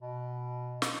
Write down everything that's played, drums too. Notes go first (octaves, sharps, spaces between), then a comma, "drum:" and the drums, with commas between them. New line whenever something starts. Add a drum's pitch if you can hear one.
B2
drum: snare